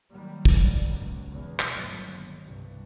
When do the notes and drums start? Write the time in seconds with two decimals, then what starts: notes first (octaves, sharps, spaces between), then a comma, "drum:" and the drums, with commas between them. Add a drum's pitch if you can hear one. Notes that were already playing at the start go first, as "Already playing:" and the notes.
0.13 D#3 F#3 G3 A#3
0.45 drum: kick
0.83 C#2 F#2 B2
1.31 E2 B2
1.59 drum: clap
1.71 G1 A2 F#3
2.05 G1 D#2
2.45 C2 G2